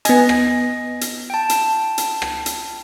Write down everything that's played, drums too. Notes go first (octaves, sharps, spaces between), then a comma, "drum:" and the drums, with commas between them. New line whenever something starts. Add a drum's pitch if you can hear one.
B3 D#5 G#5, drum: hi-hat
drum: rim click
drum: hi-hat
G5 A5
drum: hi-hat
drum: hi-hat
drum: rim click
drum: hi-hat